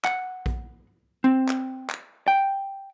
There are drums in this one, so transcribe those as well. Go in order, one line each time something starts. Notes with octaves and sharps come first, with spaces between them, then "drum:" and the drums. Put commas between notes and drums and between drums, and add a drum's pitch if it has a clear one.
F#5, drum: clap
drum: kick
C4
drum: clap
drum: clap
G5